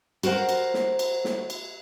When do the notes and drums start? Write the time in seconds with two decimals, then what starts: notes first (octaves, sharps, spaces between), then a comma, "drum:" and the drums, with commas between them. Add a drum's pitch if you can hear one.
0.23 F#4 A#4 C5 F#5, drum: cymbal
0.49 drum: cymbal
0.74 drum: snare
0.99 drum: cymbal
1.25 drum: snare
1.50 drum: cymbal